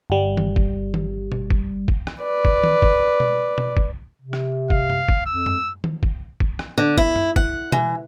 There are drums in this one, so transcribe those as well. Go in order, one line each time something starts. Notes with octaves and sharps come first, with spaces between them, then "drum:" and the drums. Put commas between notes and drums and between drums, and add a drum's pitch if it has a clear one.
G1 G3
drum: tom
drum: kick
drum: tom
drum: tom B2
drum: kick
drum: kick
drum: rim click
B4 D5
drum: kick
drum: tom
drum: kick
drum: tom B2
drum: tom B2
drum: kick
C3
drum: rim click
F5, drum: kick
drum: tom
drum: kick
F2 E6
drum: tom
drum: tom
drum: kick
drum: kick
drum: rim click
D3
E4, drum: kick
drum: tom
F#5, drum: kick
E3, drum: tom B2